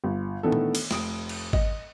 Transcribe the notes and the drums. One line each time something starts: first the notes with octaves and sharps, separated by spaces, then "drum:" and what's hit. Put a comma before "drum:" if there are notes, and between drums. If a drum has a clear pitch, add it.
G1
D#3 E3 A3 B3 D4 A4
drum: tom A#2
drum: cymbal
F1 D#6 D7, drum: snare
drum: cymbal
D#5, drum: kick G#1